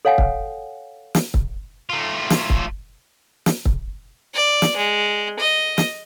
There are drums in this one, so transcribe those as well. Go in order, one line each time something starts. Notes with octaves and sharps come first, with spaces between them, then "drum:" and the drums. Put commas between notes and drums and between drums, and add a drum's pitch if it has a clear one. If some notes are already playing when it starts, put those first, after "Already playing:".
A4 C#5 F5 F#5 G#5
drum: kick
drum: snare
drum: kick
A3 F4
drum: snare
drum: kick
drum: snare
drum: kick
D5
drum: snare
G#3
D#5
drum: snare